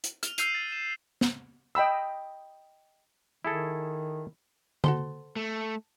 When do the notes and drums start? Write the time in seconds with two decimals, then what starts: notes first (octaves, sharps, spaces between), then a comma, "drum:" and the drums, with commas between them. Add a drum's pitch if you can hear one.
0.04 drum: hi-hat
0.23 F6 F7, drum: hi-hat
0.38 E6 F6 G6 C7 D#7 F7, drum: hi-hat
0.54 A6
0.72 E7
1.21 drum: snare
1.75 D#5 G5 B5 E6
3.45 D#3 E4 G#4 A4
4.84 F#4 A4 C5, drum: tom
5.36 A3